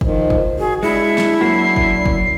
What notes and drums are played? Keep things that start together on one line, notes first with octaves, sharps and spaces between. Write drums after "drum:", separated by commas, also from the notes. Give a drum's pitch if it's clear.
D#3 F3, drum: kick
drum: kick
F#4 G#4
G#3 D4 E4 C#7
drum: snare
F#2 A#3 F#4 C7
drum: kick
drum: kick